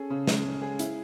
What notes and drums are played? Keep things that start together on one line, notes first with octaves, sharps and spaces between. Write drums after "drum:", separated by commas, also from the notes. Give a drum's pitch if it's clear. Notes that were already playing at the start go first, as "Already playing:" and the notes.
Already playing: C#4 G#4 A4
C#3
G#3, drum: snare
C#4
G#4
E4, drum: hi-hat